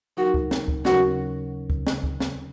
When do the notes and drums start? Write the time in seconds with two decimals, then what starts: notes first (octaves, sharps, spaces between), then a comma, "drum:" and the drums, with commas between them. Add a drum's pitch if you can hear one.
0.17 F#3 D#4 F#4 A#4
0.34 drum: kick
0.51 drum: snare
0.68 drum: kick
0.85 D#2 C#3 F#3 C#4 F#4 A#4, drum: snare
1.70 drum: kick
1.87 drum: snare
2.04 drum: kick
2.20 drum: snare